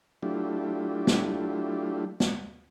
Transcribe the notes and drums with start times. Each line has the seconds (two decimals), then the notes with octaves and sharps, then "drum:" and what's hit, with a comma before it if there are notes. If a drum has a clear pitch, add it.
0.23 F#3 A3 D4 E4 F4 G4
1.07 drum: snare
2.20 drum: snare